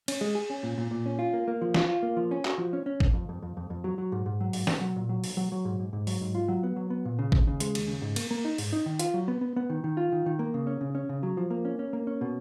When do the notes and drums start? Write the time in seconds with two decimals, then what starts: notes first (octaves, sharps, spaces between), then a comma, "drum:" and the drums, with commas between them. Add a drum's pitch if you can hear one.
0.08 C#4, drum: cymbal
0.21 G#3
0.35 G#4
0.50 C#4
0.63 A#2
0.78 A#2
0.91 A#2
1.06 C#4
1.19 F4
1.33 A#3
1.48 A#3
1.62 F3
1.74 F4, drum: snare
1.89 F4
2.03 A#3
2.17 F3
2.31 C#4
2.45 F#4, drum: clap
2.58 F3
2.73 C#4
2.86 C#4
3.00 F2, drum: kick G#1
3.14 F2
3.29 F2
3.42 F2
3.57 F2
3.70 F2
3.84 F#3
3.98 F#3
4.12 G#2
4.26 G#2
4.40 F#3
4.53 G#2, drum: open hi-hat
4.67 B1, drum: snare
4.81 F#3
4.96 A#2
5.09 F#3
5.24 B1, drum: open hi-hat
5.37 F#3
5.52 F#3
5.65 G#2
5.79 G#2
5.93 G#2
6.07 F#3, drum: open hi-hat
6.21 G#2
6.35 F4
6.48 F#3
6.63 B3
6.76 F#3
6.90 B3
7.05 A#2
7.19 C#3
7.32 D#2, drum: kick G#1
7.47 C#3
7.60 G#3, drum: hi-hat
7.75 D#2, drum: cymbal
7.88 C#3
8.02 G#2
8.16 A#3, drum: cymbal
8.31 A#3
8.45 D#4
8.58 G#2, drum: open hi-hat
8.73 D#4
8.86 D#3
8.99 F4, drum: hi-hat
9.14 F#3
9.28 B3
9.41 B3
9.56 B3
9.70 D#3
9.84 D#3
9.97 F4
10.12 D#3
10.26 D#3
10.39 A#3
10.54 C#3
10.67 C#4
10.81 C#3
10.95 C#4
11.09 C#3
11.23 F#3
11.37 F3
11.50 A#3
11.65 C#4
11.79 C#4
11.93 A#3
12.07 C#4
12.21 B2